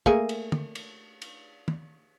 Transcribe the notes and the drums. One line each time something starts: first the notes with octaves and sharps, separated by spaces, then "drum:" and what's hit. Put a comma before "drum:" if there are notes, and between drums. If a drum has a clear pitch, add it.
A3 A#3 G#4, drum: kick
drum: cymbal
drum: tom
drum: cymbal
drum: cymbal
drum: tom